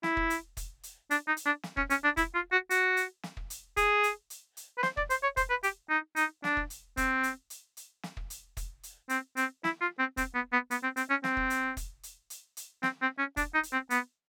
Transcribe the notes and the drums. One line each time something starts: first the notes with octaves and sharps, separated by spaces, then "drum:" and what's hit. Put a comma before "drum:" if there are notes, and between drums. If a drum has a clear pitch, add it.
E4, drum: snare
drum: kick
drum: hi-hat
drum: kick, hi-hat
drum: hi-hat
D4, drum: hi-hat
D#4
drum: hi-hat
D4
drum: snare
C#4, drum: kick
C#4, drum: hi-hat
D4
E4, drum: kick, hi-hat
F4
F#4
F#4, drum: hi-hat
drum: hi-hat
drum: snare
drum: kick
drum: hi-hat
G#4, drum: kick, hi-hat
drum: hi-hat
drum: hi-hat
drum: hi-hat
B4
C5, drum: snare
D5, drum: kick
C5, drum: hi-hat
C#5
C5, drum: kick, hi-hat
B4
G4, drum: hi-hat
D#4
D#4, drum: hi-hat
D4, drum: snare
drum: kick
drum: hi-hat
C4, drum: kick, hi-hat
drum: hi-hat
drum: hi-hat
drum: hi-hat
drum: snare
drum: kick
drum: hi-hat
drum: kick, hi-hat
drum: hi-hat
C4, drum: hi-hat
C4, drum: hi-hat
E4, drum: snare
F4
C4
C4, drum: kick, hi-hat
B3
B3
B3, drum: hi-hat
C4
C4, drum: hi-hat
C#4
C4, drum: snare
drum: kick
drum: hi-hat
drum: kick, hi-hat
drum: hi-hat
drum: hi-hat
drum: hi-hat
C4, drum: snare
C4
C#4
D4, drum: kick, hi-hat
D#4
drum: hi-hat
C4
B3, drum: hi-hat